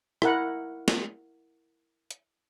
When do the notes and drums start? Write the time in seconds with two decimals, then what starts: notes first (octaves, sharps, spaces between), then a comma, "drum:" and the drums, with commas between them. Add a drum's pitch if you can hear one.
0.22 E4 A#4 F#5, drum: rim click
0.88 drum: snare
2.11 drum: hi-hat